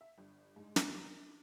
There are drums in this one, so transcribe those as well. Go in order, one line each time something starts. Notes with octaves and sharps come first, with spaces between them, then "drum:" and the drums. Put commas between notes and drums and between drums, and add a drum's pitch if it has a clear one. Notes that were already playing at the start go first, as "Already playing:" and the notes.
E5
G1
G#2
drum: snare
D#2
D4